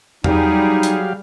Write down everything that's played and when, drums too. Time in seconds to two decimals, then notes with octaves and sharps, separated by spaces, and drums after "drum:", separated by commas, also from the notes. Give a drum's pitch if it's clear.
0.24 F#3 G3 D#4 G4 G#4 F5, drum: tom E2
0.83 drum: hi-hat